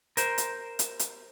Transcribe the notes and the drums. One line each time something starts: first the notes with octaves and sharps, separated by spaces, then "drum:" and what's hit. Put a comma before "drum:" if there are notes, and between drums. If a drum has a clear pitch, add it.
A#4 C5, drum: hi-hat
drum: hi-hat
drum: hi-hat
drum: hi-hat